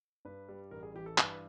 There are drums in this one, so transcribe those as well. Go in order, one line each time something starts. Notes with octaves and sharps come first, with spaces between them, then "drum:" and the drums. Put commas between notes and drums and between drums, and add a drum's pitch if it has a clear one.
G2 B4
G3
A1 A#4
G#4
E3 G4
A4
G2 B4, drum: clap